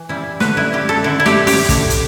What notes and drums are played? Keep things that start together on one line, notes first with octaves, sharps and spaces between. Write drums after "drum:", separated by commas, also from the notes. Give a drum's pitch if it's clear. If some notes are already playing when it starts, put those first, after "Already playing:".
Already playing: E3
G3 E4
D3 B4, drum: snare
E4
G3 E4 G4
A4
D3 E4
E4
G4, drum: snare
G3 E4
G4, drum: open hi-hat
A2, drum: kick, hi-hat
drum: hi-hat